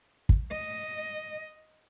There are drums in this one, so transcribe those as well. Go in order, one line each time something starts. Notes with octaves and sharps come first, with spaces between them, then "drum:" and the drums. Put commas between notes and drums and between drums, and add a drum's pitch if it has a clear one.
drum: kick
D#5